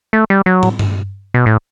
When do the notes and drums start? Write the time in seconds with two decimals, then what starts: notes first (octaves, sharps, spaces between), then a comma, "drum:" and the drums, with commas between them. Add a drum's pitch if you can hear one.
0.13 A3
0.30 G3
0.46 F#3
0.63 drum: tom
0.79 drum: tom G2
1.34 B2
1.46 A2